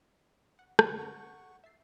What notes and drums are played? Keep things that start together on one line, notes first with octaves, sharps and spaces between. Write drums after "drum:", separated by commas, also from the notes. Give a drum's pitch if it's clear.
F#5
F#2 D3 F#3 C4 C#4, drum: rim click
C#4 F#5 A#5 C#6
E5 A6 C7